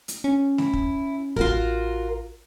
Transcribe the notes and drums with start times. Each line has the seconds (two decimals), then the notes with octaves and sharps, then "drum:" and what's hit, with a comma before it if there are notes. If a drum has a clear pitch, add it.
0.08 drum: hi-hat
0.24 C#4
0.58 E4, drum: snare A3
0.73 drum: kick
1.36 A1 F4 F#4 A#4, drum: kick